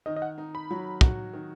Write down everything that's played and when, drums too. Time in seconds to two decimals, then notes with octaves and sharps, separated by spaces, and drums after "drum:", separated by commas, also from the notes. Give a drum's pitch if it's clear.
0.06 D#3 D#5
0.16 D#5
0.22 F#5
0.38 D#4
0.55 B5
0.71 F#3
1.01 F#4, drum: kick
1.33 D#3